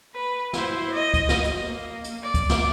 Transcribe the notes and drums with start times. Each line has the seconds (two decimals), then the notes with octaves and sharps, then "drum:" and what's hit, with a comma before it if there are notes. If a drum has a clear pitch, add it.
0.15 B4
0.53 E4 C5, drum: snare
0.91 D#5
1.14 drum: kick, hi-hat
1.29 drum: snare
1.44 drum: hi-hat
1.65 A#3
2.04 drum: hi-hat
2.23 D5
2.34 drum: kick, hi-hat
2.49 drum: snare